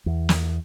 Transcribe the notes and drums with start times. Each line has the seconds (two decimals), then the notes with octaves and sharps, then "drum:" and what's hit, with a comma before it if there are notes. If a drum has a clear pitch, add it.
0.06 E2
0.29 drum: snare